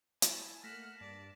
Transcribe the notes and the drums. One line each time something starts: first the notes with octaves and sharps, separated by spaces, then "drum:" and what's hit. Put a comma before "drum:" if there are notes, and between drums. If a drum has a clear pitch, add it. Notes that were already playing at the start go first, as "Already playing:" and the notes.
E4 G#5 A5, drum: hi-hat
A3 A#3 F#5 F6 A#6 B6 E7
G2 D5 A5